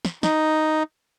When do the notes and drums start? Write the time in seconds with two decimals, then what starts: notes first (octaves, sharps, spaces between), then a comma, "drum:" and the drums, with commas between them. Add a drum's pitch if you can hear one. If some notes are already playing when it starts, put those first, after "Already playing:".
0.05 drum: snare
0.23 D#4, drum: snare